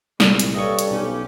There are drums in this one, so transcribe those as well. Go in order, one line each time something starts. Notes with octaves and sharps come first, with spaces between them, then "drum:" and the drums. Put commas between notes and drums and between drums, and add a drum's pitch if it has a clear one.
C2 A#2 G#3, drum: snare
drum: hi-hat
G2 A4 C#5 D#5 C#6
drum: hi-hat
B1 C#4 G4